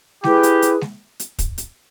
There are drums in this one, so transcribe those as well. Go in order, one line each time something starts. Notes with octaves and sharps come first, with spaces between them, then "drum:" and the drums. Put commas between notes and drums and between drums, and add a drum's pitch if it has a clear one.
E4 G4 G#4 B4, drum: snare G#3
drum: hi-hat
drum: hi-hat
drum: snare G#3
drum: hi-hat
drum: kick, hi-hat
drum: hi-hat